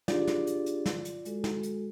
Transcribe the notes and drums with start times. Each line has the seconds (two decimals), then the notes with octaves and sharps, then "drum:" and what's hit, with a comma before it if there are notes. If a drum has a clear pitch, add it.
0.08 D4 F4 G4 G#4 D5, drum: snare
0.27 drum: snare
0.47 drum: hi-hat
0.66 drum: hi-hat
0.86 drum: snare
1.05 drum: hi-hat
1.25 G#3 F#4 A4, drum: hi-hat
1.44 drum: snare
1.63 drum: hi-hat